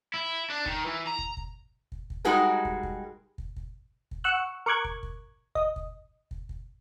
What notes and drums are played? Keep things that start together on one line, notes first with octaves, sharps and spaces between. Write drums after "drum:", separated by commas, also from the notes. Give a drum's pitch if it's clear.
E4
D4
D#3, drum: kick
E3
A#5
drum: kick
drum: kick
drum: kick
drum: kick
G3 G#3 D#4 F#4 G#4 A#4
drum: kick
drum: kick
drum: kick
drum: kick
drum: kick
F#5 C#6 E6 F#6
A#4 C#6 D6 F#6 G#6
drum: kick
drum: kick
D#5, drum: kick
drum: kick
drum: kick
drum: kick